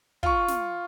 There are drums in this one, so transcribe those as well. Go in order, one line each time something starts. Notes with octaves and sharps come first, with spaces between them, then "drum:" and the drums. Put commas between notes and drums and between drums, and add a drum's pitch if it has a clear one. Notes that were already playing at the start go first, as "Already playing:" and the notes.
F4 C#6, drum: kick
drum: snare